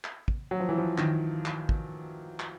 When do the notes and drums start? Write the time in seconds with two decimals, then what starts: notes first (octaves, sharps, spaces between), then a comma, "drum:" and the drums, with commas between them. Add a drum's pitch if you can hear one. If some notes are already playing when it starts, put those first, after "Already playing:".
0.04 drum: clap
0.28 drum: kick
0.51 F#3
0.60 F3
0.69 E3
0.78 F3
0.98 D#3, drum: clap
1.46 drum: clap
1.69 drum: kick
2.40 drum: clap